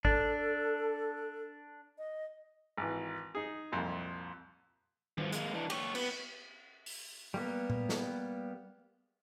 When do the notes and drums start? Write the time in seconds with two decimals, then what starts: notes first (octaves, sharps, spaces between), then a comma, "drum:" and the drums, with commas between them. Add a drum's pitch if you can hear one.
0.05 D4 A4, drum: kick
1.98 D#5
2.77 G#1 E3
3.35 D#4 G#4
3.72 C2 F2 A#2
5.18 G2 F3, drum: tom
5.32 G#3 A#3, drum: hi-hat
5.54 E3 D4
5.70 G4 C#5, drum: cymbal
5.95 B3, drum: cymbal
6.86 drum: open hi-hat
7.34 G3 A#3 B3
7.70 drum: tom A#2
7.89 drum: snare